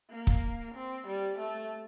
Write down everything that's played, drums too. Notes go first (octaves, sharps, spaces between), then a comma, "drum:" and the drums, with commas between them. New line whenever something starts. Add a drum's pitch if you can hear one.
A#3
drum: kick
C4
G3
A3